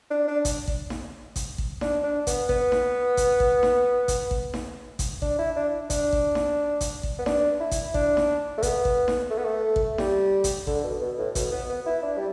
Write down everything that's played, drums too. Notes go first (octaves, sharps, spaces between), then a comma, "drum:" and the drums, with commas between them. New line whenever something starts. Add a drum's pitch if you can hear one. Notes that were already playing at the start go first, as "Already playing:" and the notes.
D4
D4
drum: kick, hi-hat
drum: kick
drum: snare D#4
drum: kick, hi-hat
drum: kick
D4, drum: snare D#4
D4
B3, drum: kick, hi-hat
B3, drum: kick
drum: snare D#4
drum: kick, hi-hat
drum: kick
drum: snare D#4
drum: kick, hi-hat
drum: kick
drum: snare D#4
drum: kick, hi-hat
D4, drum: kick
E4
D4
D4, drum: kick, hi-hat
drum: kick
drum: snare D#4
drum: kick, hi-hat
drum: kick
B3
D4, drum: snare D#4
E4
drum: kick, hi-hat
D4, drum: kick
drum: snare D#4
A3
B3, drum: kick, hi-hat
drum: kick
drum: snare D#4
A3
B3
A3
drum: kick
G3, drum: snare D#4
drum: kick, hi-hat
D3, drum: kick
B2
B2
A2
B2, drum: kick, hi-hat
B3
B3
E4
D4
G3